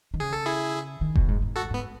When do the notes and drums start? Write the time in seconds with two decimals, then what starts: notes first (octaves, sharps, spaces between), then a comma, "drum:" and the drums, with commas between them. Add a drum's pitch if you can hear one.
0.14 D#3
0.20 C#3 G#4
0.33 A4
0.46 E4 G#4
1.01 D#3
1.16 B2, drum: kick F1
1.28 G#2
1.42 G#2
1.56 F#4 A4
1.70 G#2 B3